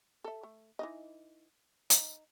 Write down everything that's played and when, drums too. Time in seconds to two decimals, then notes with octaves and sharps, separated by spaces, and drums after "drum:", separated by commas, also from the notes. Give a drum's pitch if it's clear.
0.24 A4 E5
0.43 A3
0.79 E3 D#4 D#5
1.90 D#4, drum: hi-hat